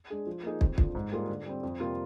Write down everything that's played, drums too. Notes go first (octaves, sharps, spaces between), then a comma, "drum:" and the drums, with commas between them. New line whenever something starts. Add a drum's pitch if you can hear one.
G#3 D4 G#4
F3
A#3 D#4 G#4
F2, drum: kick
D3 F3, drum: kick
G#2
G3 A#3 F4 G#4
D3
G3 C4
F2
C3 G3 A#3 F4